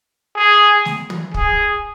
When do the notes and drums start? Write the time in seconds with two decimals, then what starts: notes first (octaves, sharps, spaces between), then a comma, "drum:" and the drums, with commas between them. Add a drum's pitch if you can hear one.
0.36 G#4
0.85 drum: snare A3
1.10 drum: tom
1.34 G#4, drum: kick